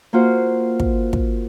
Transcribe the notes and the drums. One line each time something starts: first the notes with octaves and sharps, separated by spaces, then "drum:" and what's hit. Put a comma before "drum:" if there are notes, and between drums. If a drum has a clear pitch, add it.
A#3 F4 F#4 C5
drum: kick
drum: kick